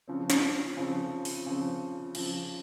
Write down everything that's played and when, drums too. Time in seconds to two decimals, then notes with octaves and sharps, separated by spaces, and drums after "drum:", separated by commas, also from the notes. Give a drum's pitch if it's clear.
0.08 C#3 F3 C4
0.30 drum: snare
0.77 C#3 F3 C4
1.25 drum: open hi-hat
1.46 C#3 F3 C4
2.15 C#3 F3 C4, drum: cymbal